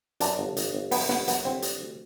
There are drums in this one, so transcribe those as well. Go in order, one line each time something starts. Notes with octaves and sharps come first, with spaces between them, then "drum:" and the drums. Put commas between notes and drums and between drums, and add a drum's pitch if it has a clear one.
F#2 D4, drum: hi-hat
G1
G1, drum: hi-hat
G1
F#2 B3, drum: open hi-hat
G1 B3, drum: snare
F#2 B3, drum: hi-hat
G1 C4
G3, drum: hi-hat
D2